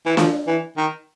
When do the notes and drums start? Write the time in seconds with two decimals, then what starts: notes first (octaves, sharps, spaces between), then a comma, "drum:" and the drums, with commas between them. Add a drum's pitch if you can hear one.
0.06 E3
0.17 F3, drum: snare
0.47 E3
0.77 D#3